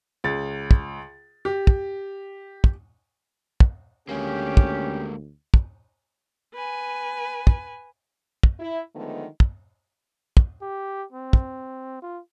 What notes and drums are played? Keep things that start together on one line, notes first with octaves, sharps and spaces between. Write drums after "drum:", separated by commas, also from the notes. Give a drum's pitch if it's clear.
C#2 A6
drum: kick
G4
drum: kick
drum: kick
drum: kick
D2 G#3 A#3 C#4 G4
drum: kick
drum: kick
B4 G#5
drum: kick
drum: kick
E4
D3 D#3 F3 G#3 A3 B3
drum: kick
drum: kick
G4
C4
drum: kick
F4